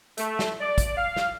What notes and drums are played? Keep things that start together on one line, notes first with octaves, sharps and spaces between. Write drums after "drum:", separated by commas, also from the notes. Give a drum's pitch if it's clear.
A3, drum: hi-hat
drum: snare
D5
drum: kick, hi-hat
F5
drum: snare